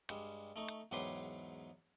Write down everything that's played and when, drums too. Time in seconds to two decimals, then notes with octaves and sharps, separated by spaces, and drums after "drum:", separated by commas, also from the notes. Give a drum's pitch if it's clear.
0.09 G2 G3 G#3, drum: hi-hat
0.56 A3 D#4 C#6
0.69 drum: hi-hat
0.91 E2 G#2 F#3 G4 B4 C6